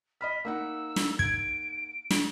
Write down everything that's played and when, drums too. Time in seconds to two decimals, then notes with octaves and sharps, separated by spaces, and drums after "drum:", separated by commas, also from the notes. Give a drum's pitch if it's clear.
0.21 D#5 B5 F6 B6
0.45 A#3 D#4 F#5 E6
0.96 drum: snare
1.19 G#6 D7, drum: kick
2.10 drum: snare